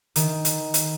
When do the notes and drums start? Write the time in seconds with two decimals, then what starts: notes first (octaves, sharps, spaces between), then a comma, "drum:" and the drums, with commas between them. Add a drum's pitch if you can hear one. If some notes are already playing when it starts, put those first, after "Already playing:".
0.16 D#3, drum: hi-hat
0.45 drum: hi-hat
0.74 drum: hi-hat